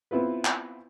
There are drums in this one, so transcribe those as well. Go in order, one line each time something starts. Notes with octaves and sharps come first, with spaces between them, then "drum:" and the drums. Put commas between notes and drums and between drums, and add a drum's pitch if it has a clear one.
B3 C4 E4 F4 B4
drum: clap